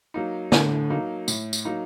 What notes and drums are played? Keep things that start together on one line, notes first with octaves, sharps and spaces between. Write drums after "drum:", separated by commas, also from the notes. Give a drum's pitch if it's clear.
F#3 A#3 D#4
A2 D3, drum: snare
F#3 A#3 D#4
A2, drum: tambourine
drum: tambourine
F#3 A#3 D#4